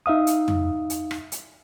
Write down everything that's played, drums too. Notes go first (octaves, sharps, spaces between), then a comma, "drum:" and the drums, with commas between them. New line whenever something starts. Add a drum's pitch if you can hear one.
D#4 E5 F5 D#6
drum: hi-hat
drum: tom
drum: hi-hat
drum: rim click
drum: hi-hat